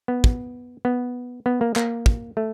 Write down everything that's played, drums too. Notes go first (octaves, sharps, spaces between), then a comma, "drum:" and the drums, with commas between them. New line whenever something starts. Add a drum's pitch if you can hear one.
B3
drum: kick
B3
B3
A#3
A#3, drum: clap
drum: kick
A3